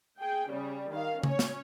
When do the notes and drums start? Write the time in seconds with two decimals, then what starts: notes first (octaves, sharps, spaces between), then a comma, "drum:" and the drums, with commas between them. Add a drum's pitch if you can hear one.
0.18 G#4 G5
0.49 C#3 G3
0.91 D#3 F5
1.23 C#4 C#5, drum: tom C#3
1.39 drum: snare